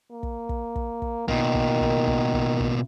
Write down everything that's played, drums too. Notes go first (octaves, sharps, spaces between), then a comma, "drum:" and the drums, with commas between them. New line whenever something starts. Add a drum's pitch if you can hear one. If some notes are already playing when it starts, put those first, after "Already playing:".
A#3
drum: kick
drum: kick
drum: kick
drum: kick
B2 D#3 A#3, drum: kick
drum: kick
drum: kick
drum: kick
drum: kick
drum: kick